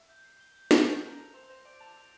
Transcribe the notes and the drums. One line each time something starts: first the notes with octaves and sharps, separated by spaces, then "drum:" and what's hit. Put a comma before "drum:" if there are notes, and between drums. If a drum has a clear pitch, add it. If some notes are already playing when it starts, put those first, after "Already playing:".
Already playing: E5
G6
C7
G7
G6
G6, drum: snare
C7
G7
A#4
A4 F7
C5 E6
C5 A#6
D5 D7
A5 F7
E6